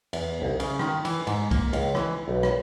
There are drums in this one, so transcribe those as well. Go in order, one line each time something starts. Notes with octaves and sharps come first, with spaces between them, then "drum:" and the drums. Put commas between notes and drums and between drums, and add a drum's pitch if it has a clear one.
E2, drum: cymbal
C2
C#3, drum: cymbal
D#3, drum: rim click
E3, drum: cymbal
G#2, drum: cymbal
A#3, drum: kick C2, cymbal
C#2, drum: cymbal
E3, drum: rim click
B1
drum: rim click